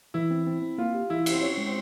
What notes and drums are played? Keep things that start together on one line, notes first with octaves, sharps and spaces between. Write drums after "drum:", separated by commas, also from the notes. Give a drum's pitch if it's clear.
E3 E4
C4
C4
C4
A#3 F4
G4
E3 E4
G4, drum: cymbal
C4
C#4 F4
G#3
C4